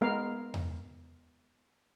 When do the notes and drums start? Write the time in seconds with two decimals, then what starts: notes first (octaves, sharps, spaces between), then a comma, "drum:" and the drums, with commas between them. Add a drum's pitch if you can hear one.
0.01 G#3 B3 A#4 F5
0.54 drum: tom E2